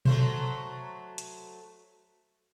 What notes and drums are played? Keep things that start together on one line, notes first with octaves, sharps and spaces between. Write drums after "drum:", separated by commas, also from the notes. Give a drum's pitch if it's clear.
F#3 A3 C5, drum: tom B2
drum: hi-hat